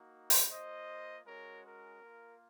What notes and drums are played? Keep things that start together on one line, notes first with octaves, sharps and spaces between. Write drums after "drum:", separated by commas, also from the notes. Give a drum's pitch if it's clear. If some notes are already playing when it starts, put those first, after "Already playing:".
Already playing: A#3 D#4 F#4
drum: open hi-hat
A#3 F4 C5 D#5
G#3 C#4 F#4 A#4 C#5
A#4
A#3 F4